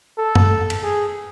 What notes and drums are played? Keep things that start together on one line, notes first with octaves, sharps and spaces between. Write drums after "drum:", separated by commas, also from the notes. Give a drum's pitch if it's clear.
A4
drum: tom F#2
drum: cymbal
G#4